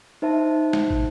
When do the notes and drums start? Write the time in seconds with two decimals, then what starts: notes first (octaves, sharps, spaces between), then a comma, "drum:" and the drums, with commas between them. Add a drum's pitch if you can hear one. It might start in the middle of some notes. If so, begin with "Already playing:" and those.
0.22 D#4 C5 E5 A5
0.73 drum: snare
0.90 drum: kick